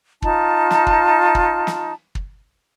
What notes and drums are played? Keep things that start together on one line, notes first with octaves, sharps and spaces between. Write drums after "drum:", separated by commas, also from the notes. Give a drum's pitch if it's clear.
D#4 F4 A5, drum: kick
drum: snare
drum: kick
drum: kick
drum: snare
drum: kick